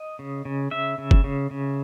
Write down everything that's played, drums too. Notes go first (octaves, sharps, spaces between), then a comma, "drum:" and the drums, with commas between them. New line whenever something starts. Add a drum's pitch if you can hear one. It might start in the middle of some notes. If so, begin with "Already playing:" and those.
Already playing: D#5
C#3
C#3
C#3 E5
C#3
drum: kick
C#3
C#3